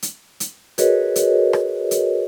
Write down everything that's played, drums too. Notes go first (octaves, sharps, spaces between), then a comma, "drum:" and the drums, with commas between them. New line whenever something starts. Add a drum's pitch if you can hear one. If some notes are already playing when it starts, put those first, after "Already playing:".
drum: hi-hat
drum: hi-hat
F#4 G#4 A#4 B4 C#5 D#5, drum: hi-hat
drum: hi-hat
drum: rim click
drum: hi-hat